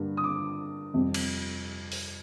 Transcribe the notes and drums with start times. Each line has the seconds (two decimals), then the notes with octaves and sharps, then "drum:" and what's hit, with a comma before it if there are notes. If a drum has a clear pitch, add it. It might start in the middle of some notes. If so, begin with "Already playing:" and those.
Already playing: G2 D3 G3 A#3
0.17 D#6
0.24 D6
0.94 F2 C3 G3
1.14 drum: cymbal
1.92 drum: open hi-hat